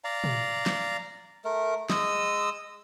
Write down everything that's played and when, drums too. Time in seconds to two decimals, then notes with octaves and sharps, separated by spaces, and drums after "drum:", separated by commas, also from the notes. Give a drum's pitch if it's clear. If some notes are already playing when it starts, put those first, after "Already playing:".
0.04 D5 F5 A#5
0.24 drum: tom
0.66 drum: snare
1.45 A3 A#4
1.90 G#3 D#5 D#6 E6, drum: snare